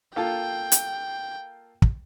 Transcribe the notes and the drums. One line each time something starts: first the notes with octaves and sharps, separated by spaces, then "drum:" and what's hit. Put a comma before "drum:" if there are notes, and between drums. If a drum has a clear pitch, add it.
A#3 F4 A4 G5
drum: hi-hat
drum: kick